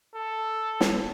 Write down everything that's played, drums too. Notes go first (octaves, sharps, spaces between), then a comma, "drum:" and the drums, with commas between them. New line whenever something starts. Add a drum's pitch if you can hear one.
A4
drum: snare